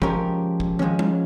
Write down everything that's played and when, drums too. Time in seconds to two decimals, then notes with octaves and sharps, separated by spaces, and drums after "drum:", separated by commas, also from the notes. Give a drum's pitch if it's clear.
0.02 F3 G#3 C#4 G4 A#4, drum: kick
0.60 drum: kick
0.79 F3 G#3 C#4, drum: tom
0.99 drum: tom G3